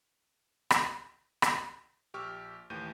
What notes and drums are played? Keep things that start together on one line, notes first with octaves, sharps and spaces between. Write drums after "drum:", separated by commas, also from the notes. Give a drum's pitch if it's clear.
drum: rim click
drum: rim click
A#1 G4 C#6 D6 E6 F6
D#2 A2 E3 G4 G6 D#7